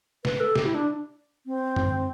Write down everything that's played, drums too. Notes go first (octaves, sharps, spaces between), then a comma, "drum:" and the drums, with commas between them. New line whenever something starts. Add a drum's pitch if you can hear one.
B4, drum: snare
A4
G4, drum: snare
E4
D4
C4
drum: tom